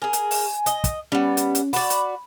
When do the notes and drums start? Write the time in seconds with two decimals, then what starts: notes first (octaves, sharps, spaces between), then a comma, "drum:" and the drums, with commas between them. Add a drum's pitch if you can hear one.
0.02 G#4 A#4 G#5
0.13 drum: hi-hat
0.31 drum: open hi-hat
0.66 D#5, drum: hi-hat
0.84 drum: kick, hi-hat
1.12 G3 B3 C#4
1.37 drum: hi-hat
1.55 drum: hi-hat
1.73 F#4 D5 B5, drum: open hi-hat
1.90 drum: hi-hat